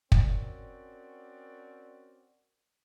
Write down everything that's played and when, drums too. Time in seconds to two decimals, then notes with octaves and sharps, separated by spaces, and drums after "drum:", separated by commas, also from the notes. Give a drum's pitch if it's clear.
0.12 C4 C#4 F#4 A#4 D5, drum: kick